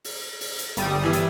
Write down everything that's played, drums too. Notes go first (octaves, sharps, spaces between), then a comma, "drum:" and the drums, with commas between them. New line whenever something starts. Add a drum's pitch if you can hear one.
drum: open hi-hat
drum: open hi-hat
drum: hi-hat
G1 G3 D#6, drum: hi-hat
E3 E4
drum: hi-hat